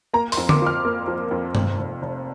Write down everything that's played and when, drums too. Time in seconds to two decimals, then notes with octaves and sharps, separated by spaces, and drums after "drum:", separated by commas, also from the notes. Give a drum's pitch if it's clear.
0.13 A#3 A#5
0.32 C6, drum: open hi-hat
0.37 F2
0.49 D6, drum: tom D3
0.62 F3 F6
0.85 A#3
1.07 F3
1.31 F2
1.55 F1, drum: tom G2
1.79 F1
2.02 F1